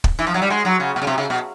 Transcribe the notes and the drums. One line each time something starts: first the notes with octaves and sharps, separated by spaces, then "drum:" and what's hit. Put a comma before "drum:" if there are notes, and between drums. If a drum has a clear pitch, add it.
drum: kick
E3
F3
F#3
G3
G#3
F#3
C#3
B2
C#3
C3
C#3
B2